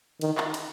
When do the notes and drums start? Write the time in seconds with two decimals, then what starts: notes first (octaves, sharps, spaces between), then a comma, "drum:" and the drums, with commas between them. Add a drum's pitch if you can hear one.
0.21 D#3, drum: cymbal
0.38 drum: clap
0.54 drum: cymbal